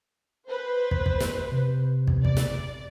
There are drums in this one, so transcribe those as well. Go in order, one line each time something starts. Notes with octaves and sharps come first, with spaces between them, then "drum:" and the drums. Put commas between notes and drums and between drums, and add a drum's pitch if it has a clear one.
B4 C5
drum: kick
drum: kick
drum: snare
C3
drum: kick
D5, drum: kick
drum: snare